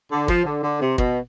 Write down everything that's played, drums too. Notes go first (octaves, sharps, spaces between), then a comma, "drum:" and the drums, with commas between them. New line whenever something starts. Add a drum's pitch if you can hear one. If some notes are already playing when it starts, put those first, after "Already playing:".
D3
F3, drum: kick
D3
D3
C3
B2, drum: kick